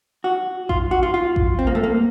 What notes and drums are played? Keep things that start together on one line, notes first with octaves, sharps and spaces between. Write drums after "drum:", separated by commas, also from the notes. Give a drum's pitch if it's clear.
F#4
F4, drum: kick A1
F#4
F4
F4
drum: kick A1
C4
A#3
A3
A#3